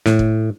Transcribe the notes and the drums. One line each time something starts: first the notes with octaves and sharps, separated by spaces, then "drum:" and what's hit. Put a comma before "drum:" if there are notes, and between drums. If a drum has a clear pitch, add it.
A2, drum: snare
drum: kick